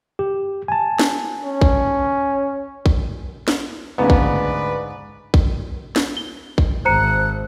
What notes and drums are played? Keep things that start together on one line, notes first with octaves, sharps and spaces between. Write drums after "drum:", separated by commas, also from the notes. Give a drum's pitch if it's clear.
G4
G#5 A5
drum: snare
C#4
drum: kick
drum: kick
drum: snare
D2 G#2 C#3 A3 B3 B4 D5
drum: kick
drum: kick
drum: snare
G7
drum: kick
G#1 C5 A#5 F#6 C#7